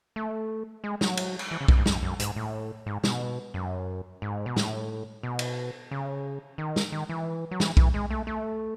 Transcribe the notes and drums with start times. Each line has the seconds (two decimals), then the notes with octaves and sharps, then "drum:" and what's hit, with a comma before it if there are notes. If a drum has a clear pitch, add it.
0.16 A3
0.84 G#3
1.01 F#3, drum: snare
1.17 drum: cymbal
1.39 drum: cymbal
1.51 E3
1.61 C#3
1.68 B2, drum: kick B1
1.77 G#2
1.86 F#2, drum: snare
2.02 F#2
2.20 G#2, drum: hi-hat
2.36 A2
2.86 G#2
3.04 B2, drum: snare
3.54 F#2
4.22 G#2
4.46 B2
4.56 A2, drum: snare
5.23 B2
5.39 drum: cymbal
5.91 C#3
6.58 D#3
6.76 drum: snare
6.92 D#3
7.09 E3
7.51 F#3
7.60 E3, drum: snare
7.77 E3, drum: kick B1
7.94 G#3
8.11 A3
8.27 A3